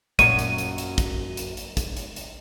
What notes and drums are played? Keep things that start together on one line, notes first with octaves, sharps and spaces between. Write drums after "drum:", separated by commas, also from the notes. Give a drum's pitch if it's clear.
F#2 A#2 C#5 D#7, drum: kick, hi-hat
drum: hi-hat
drum: hi-hat
drum: hi-hat
drum: kick, hi-hat
drum: hi-hat
drum: hi-hat
drum: kick, hi-hat
drum: hi-hat
drum: hi-hat